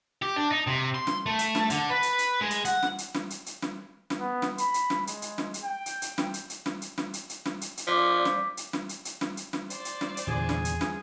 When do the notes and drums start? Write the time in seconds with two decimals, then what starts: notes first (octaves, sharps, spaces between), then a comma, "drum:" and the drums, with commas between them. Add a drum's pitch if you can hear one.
0.22 G4
0.36 D4
0.52 D#4
0.67 C3
0.94 C6
1.07 drum: snare
1.26 A3
1.39 drum: hi-hat
1.55 drum: snare
1.70 D3, drum: hi-hat
1.90 B4
2.03 drum: hi-hat
2.19 drum: hi-hat
2.41 G#3
2.51 drum: hi-hat
2.65 F#5, drum: hi-hat
2.82 drum: snare
2.98 drum: hi-hat
3.14 drum: snare
3.30 drum: hi-hat
3.46 drum: hi-hat
3.62 drum: snare
4.10 drum: snare
4.19 B3
4.42 drum: snare
4.58 B5, drum: hi-hat
4.74 drum: hi-hat
4.90 drum: snare
5.07 G#3, drum: hi-hat
5.22 drum: hi-hat
5.38 drum: snare
5.54 drum: hi-hat
5.64 G5
5.86 drum: hi-hat
6.02 drum: hi-hat
6.18 drum: snare
6.34 drum: hi-hat
6.50 drum: hi-hat
6.66 drum: snare
6.82 drum: hi-hat
6.98 drum: snare
7.14 drum: hi-hat
7.29 drum: hi-hat
7.45 drum: snare
7.61 drum: hi-hat
7.77 drum: hi-hat
7.87 F3 D5 D6 B6
8.25 drum: snare
8.57 drum: hi-hat
8.73 drum: snare
8.89 drum: hi-hat
9.05 drum: hi-hat
9.21 drum: snare
9.37 drum: hi-hat
9.53 drum: snare
9.70 C5 D5, drum: hi-hat
9.85 drum: hi-hat
10.01 drum: snare
10.17 drum: hi-hat
10.27 E2 A#2 D3 G#4
10.49 drum: snare
10.65 drum: hi-hat
10.81 drum: snare